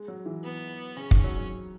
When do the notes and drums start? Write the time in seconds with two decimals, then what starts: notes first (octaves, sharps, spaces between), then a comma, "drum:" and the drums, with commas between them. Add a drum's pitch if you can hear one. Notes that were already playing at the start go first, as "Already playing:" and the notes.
Already playing: G#3
0.08 F#3
0.26 E3
0.44 B3
0.97 C#3 C#4
1.11 D#3, drum: kick
1.24 F#3
1.37 F#3